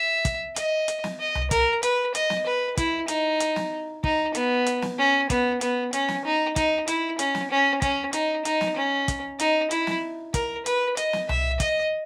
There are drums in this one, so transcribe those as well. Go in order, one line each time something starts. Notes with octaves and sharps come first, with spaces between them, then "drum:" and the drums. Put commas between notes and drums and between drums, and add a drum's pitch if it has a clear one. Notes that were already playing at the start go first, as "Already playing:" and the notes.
Already playing: E5
drum: kick, hi-hat
D#5, drum: hi-hat
drum: hi-hat
drum: snare
D#5
drum: tom C2
A#4, drum: kick, hi-hat
B4, drum: hi-hat
D#5, drum: hi-hat
drum: snare
B4
E4, drum: kick, hi-hat
D#4, drum: hi-hat
drum: hi-hat
drum: snare
D#4, drum: kick
B3, drum: hi-hat
drum: hi-hat
drum: snare
C#4
B3, drum: kick, hi-hat
B3, drum: hi-hat
C#4, drum: hi-hat
drum: snare
D#4
D#4, drum: kick, hi-hat
E4, drum: hi-hat
C#4, drum: hi-hat
drum: snare
C#4
C#4, drum: kick, hi-hat
D#4, drum: hi-hat
D#4, drum: hi-hat
drum: snare
C#4
drum: kick, hi-hat
D#4, drum: hi-hat
E4, drum: hi-hat
drum: snare
A#4, drum: kick, hi-hat
B4, drum: hi-hat
D#5, drum: hi-hat
drum: snare
E5, drum: tom C2
D#5, drum: kick, hi-hat